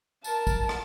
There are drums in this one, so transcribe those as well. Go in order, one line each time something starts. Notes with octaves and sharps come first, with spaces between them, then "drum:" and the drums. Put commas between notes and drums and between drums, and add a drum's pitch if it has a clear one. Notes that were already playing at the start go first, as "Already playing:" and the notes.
A#4 A5, drum: tambourine
drum: kick A1, tambourine
drum: rim click